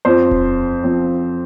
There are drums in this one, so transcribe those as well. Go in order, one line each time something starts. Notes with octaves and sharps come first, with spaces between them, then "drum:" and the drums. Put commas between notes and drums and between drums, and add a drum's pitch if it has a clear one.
F2 F3 C4 C5
drum: kick D#1
F2 F3 C4